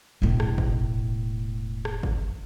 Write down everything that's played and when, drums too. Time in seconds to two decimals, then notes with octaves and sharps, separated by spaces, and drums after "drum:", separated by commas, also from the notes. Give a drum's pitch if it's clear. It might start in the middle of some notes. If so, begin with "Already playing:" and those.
0.22 E1 A2
0.40 drum: rim click
0.58 drum: kick
1.85 drum: rim click
2.03 drum: kick